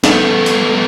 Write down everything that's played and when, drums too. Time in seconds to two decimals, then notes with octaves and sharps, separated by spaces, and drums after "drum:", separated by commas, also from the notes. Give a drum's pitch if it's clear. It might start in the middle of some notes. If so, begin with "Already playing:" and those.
0.04 A3 B3, drum: snare
0.46 drum: hi-hat